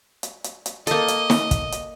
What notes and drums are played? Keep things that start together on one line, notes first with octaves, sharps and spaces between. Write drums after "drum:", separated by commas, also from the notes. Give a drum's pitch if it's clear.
drum: hi-hat
drum: hi-hat
drum: hi-hat
A#3 A4 D#5, drum: hi-hat
drum: hi-hat
drum: snare
drum: kick, hi-hat
drum: hi-hat